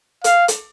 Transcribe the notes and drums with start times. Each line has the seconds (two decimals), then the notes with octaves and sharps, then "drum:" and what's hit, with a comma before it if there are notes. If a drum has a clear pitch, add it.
0.24 F5, drum: hi-hat
0.48 drum: hi-hat